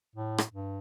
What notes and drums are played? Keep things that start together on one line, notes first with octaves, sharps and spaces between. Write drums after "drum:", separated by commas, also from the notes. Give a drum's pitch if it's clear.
A2
drum: rim click
G2